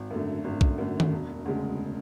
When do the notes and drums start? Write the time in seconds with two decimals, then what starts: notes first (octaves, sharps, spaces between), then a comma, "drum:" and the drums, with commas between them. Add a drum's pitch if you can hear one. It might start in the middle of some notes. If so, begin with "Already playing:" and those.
Already playing: G#1
0.10 F#2 D3 A3
0.44 G#1
0.61 drum: kick B1
0.78 F#2 D3 A3
1.00 drum: tom D#3
1.12 E1
1.45 D2 C#3 G#3